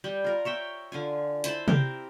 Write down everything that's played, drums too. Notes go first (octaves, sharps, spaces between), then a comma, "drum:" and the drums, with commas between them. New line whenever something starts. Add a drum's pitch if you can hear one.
G3 G5
F4 A#4
C#5 E5 G5
D3 F4 G#5
E4 C5 A5 B5, drum: hi-hat
C4 G4 A#4, drum: tom C3